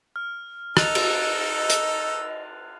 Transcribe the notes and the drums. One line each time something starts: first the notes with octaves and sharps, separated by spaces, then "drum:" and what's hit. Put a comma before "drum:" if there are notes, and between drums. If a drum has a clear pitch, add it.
F6
D#4 A4 D#5 E6 F#6 A6 F7, drum: rim click
drum: cymbal
drum: hi-hat